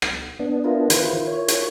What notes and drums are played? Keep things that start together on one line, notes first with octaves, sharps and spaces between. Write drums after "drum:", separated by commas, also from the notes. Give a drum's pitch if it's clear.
drum: rim click
B3 D4
E4 F4 A#4
D#3 B4 C5, drum: hi-hat
C#5
drum: hi-hat